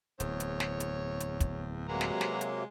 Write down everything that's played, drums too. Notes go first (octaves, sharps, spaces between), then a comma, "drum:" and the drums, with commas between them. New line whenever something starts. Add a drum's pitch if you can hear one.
D1 E2 C#5, drum: hi-hat
drum: hi-hat
drum: snare
drum: hi-hat
drum: hi-hat
drum: kick, hi-hat
C3 F#3 G#3 A#3 F#4 B4 A#5
drum: snare
drum: snare
drum: hi-hat